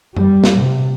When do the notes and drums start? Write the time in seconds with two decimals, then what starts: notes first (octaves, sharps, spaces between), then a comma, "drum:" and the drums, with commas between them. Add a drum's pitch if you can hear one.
0.17 G3, drum: tom F#2
0.44 drum: snare
0.59 C3